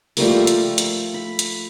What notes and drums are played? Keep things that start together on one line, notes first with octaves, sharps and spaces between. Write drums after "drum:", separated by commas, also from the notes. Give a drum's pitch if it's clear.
F3 G3 A3 A#3, drum: open hi-hat
A4
drum: hi-hat
drum: hi-hat
B5
drum: hi-hat